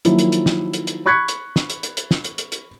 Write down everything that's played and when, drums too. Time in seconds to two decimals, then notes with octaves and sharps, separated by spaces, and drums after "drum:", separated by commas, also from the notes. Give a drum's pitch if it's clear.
0.05 D#3 F3 F#3 A#3 E4, drum: hi-hat
0.19 drum: hi-hat
0.32 drum: hi-hat
0.46 drum: snare
0.73 drum: hi-hat
0.87 drum: hi-hat
1.06 B5 C#6 F#6 G#6 B6 C#7
1.28 drum: hi-hat
1.56 drum: snare
1.70 drum: hi-hat
1.83 drum: hi-hat
1.97 drum: hi-hat
2.11 drum: snare
2.24 drum: hi-hat
2.38 drum: hi-hat
2.52 drum: hi-hat